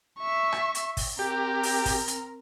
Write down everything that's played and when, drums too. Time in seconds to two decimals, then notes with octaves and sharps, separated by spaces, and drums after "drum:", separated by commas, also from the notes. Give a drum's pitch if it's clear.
0.19 E5 C#6
0.52 drum: rim click
0.75 drum: hi-hat
0.97 drum: kick, open hi-hat
1.19 C4 G4 A#4
1.63 drum: open hi-hat
1.86 drum: kick, open hi-hat
2.08 drum: hi-hat